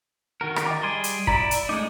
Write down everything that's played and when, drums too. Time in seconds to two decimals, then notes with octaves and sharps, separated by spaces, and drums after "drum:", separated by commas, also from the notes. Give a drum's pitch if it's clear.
0.41 D#3 F#4 A#4
0.56 drum: rim click
0.67 D#5 G5 D6
0.83 G3 G#4 C6
1.04 drum: hi-hat
1.27 E4 F#4 D5 A#5 B5, drum: kick
1.51 drum: hi-hat
1.69 G#3 A3 D#4 D6